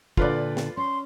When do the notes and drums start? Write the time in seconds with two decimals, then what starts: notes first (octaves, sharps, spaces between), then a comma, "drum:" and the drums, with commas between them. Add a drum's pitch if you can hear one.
0.17 A#2 D3 F4 B4 D5, drum: kick
0.57 drum: snare
0.77 C#4 C6